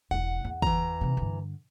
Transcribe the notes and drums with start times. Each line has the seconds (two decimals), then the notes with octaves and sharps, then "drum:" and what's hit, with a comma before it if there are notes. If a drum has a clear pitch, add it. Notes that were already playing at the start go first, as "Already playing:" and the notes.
0.11 E1 E4 F#5
0.44 E2
0.62 E3 A#5, drum: kick
1.01 C3 D#3
1.17 G2 D3